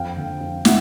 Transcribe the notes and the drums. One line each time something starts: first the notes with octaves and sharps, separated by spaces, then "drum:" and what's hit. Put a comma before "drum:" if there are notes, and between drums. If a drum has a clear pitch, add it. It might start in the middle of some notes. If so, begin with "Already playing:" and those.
Already playing: F2 F5 G5
D3
F2
E5 F#5, drum: snare